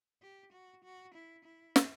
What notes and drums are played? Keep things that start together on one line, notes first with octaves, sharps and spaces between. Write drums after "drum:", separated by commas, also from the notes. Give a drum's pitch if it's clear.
G4
F#4
F#4
E4
E4
drum: snare